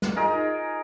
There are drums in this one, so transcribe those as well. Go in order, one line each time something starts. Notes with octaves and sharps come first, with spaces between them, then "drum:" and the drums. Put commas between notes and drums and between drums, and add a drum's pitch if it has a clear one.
drum: snare
D#4 F4 G#4 A#4